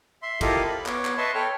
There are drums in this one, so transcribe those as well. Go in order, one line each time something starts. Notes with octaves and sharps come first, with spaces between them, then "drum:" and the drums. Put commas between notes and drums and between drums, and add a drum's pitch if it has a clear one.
E5 C6
E4 F4 G4 A4 A#4 D#5, drum: kick, cymbal
B5
B3 C#5 D6, drum: clap
drum: clap
B4 D#5 E5 A5 C6 C#6
A4 C#5 G5 F6